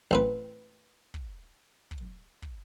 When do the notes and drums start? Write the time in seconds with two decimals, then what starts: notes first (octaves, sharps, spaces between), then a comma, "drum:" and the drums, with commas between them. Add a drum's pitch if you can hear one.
0.11 A1 C4 B4, drum: kick
1.14 drum: kick
1.91 drum: kick
2.42 drum: kick